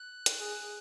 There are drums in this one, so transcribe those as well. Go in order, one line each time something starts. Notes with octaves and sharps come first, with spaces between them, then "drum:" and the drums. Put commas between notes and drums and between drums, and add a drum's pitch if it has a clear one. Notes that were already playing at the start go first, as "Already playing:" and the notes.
Already playing: F#6
drum: hi-hat
G#4
G#4